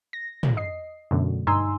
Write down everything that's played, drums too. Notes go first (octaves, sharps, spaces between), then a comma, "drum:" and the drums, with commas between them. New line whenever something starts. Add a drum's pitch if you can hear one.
A#6
drum: tom
D#5 C7
F#2 B2 D3 A3
G2 D#4 G#5 A#5 C6 E6